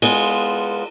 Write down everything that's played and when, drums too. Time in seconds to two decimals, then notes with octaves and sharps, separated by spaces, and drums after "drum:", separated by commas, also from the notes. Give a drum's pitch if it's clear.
0.02 G#3 B3 F4, drum: cymbal